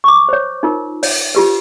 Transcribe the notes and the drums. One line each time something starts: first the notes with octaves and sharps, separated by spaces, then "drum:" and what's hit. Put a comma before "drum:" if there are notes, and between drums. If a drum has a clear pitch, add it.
C#6 D6
C5 C#5
D#4 F4 A#4
C#5, drum: open hi-hat
F4 G4 B4